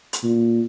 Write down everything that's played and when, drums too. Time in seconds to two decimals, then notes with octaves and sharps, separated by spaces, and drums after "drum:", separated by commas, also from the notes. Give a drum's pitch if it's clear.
0.13 drum: hi-hat
0.23 A#2